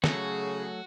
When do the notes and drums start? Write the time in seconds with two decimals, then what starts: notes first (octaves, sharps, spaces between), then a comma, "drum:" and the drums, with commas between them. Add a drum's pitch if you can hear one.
0.04 C#3 F#3 A3 F#4 G#4 A4, drum: snare